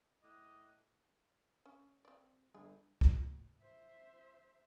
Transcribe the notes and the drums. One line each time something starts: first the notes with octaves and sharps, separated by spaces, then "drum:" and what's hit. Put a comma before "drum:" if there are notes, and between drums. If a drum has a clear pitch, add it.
A2 D#5 D6 F#6
C#4
C4 D5
G1 G#4
drum: kick
C5 E5